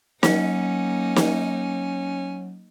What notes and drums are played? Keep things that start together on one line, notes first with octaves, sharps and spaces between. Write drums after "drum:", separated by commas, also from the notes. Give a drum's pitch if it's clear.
F#3 A#3 C#4 D#4, drum: snare
drum: snare